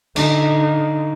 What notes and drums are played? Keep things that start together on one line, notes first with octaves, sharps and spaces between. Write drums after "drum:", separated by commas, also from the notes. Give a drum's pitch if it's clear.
D3 D#4, drum: cymbal